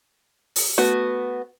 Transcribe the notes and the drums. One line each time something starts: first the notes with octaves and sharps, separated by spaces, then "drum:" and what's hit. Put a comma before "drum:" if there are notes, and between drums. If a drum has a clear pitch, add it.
drum: open hi-hat
A3 B3 F#4